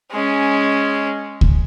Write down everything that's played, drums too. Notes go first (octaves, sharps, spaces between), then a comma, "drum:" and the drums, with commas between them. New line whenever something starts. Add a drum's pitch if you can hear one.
G#3 C#4
drum: kick C#2